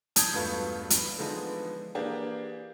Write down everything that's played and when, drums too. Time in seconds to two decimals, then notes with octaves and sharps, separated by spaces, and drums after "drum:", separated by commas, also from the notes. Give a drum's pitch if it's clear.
0.16 A5 D#6 G6 G#6, drum: hi-hat
0.33 E1 G2 B2 A3 F4 B4
0.90 drum: hi-hat
1.18 D3 E3 F3 G#3 B3 D#4
1.95 E3 A#3 D4 G4 G#4